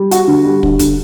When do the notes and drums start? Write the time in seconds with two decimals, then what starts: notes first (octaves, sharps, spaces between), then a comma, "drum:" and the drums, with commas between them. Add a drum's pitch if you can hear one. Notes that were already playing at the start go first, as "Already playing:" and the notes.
Already playing: G3
0.11 F#4, drum: hi-hat
0.27 D3
0.45 G3
0.63 D3, drum: kick
0.79 D3, drum: kick, hi-hat